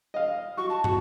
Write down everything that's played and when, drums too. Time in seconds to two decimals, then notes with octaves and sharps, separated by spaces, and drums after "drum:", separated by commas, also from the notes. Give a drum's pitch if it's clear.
0.14 D#5 F5
0.57 F#4 C#6
0.69 A5
0.84 F#4, drum: tom